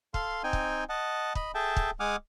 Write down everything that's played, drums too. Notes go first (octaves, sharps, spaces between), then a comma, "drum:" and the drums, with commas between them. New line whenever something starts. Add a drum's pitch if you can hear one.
A4 F5 C6, drum: kick
C4 D#4 G5 G#5
drum: kick
D#5 F#5 A5
D#5 B5, drum: kick
G#4 A4 E5 G5 A5
drum: kick
G#3 F#5 G#5 D6 D#6 F6